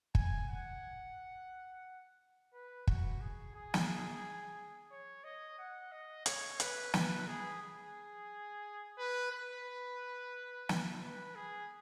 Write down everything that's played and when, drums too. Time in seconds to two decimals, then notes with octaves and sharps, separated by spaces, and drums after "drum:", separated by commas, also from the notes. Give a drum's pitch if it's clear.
0.15 G#5, drum: kick
0.49 F#5
2.53 B4
2.87 F#4, drum: kick
3.21 G#4
3.55 G#4
3.74 drum: snare
4.91 C#5
5.24 D#5
5.58 F#5
5.92 D#5
6.26 C#5, drum: hi-hat
6.60 B4, drum: hi-hat
6.94 B4, drum: snare
7.28 G#4
7.63 G#4
8.98 B4
9.31 B4
10.69 drum: snare
11.02 B4
11.36 G#4